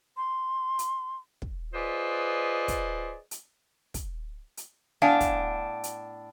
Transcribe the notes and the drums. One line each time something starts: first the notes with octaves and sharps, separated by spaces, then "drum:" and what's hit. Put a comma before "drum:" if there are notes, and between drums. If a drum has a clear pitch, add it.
C6
drum: hi-hat
drum: kick
F4 G#4 B4 C5 D5 D#5
drum: kick, hi-hat
drum: hi-hat
drum: kick, hi-hat
drum: hi-hat
A2 B3 D4 F5 G#5
drum: kick, hi-hat
drum: hi-hat